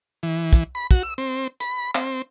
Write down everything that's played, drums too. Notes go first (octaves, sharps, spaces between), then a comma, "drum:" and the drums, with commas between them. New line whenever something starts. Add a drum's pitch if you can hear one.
E3
drum: kick, hi-hat
B5
F#4, drum: kick, hi-hat
E6
C4
B5, drum: hi-hat
C4, drum: clap